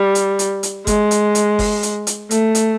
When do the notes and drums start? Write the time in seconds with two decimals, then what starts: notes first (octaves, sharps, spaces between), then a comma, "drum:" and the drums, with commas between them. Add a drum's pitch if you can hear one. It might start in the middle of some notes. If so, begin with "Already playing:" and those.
Already playing: G3
0.15 drum: hi-hat
0.39 drum: hi-hat
0.63 drum: hi-hat
0.87 G#3, drum: kick F#1, hi-hat
1.11 drum: hi-hat
1.35 drum: hi-hat
1.59 drum: kick F#1, open hi-hat
1.83 drum: hi-hat
2.07 drum: hi-hat
2.31 A3, drum: hi-hat
2.55 drum: hi-hat